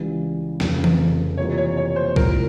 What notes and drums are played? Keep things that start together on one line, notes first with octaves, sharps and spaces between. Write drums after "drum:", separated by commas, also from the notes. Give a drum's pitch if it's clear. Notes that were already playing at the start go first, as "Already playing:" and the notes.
Already playing: C#2 C#3 E3 G3
F1 F2 C#3, drum: snare
drum: tom E3
C3 E3 G3 A#3 F4 C#5
C#5
C#5
C5
C2 A#2 F3 G#3 A#4, drum: kick